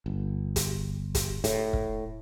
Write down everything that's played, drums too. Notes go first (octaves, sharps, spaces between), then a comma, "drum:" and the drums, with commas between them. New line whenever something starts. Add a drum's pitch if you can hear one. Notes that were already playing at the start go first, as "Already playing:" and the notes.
G1
drum: kick, hi-hat
drum: kick, hi-hat
A2, drum: hi-hat
drum: kick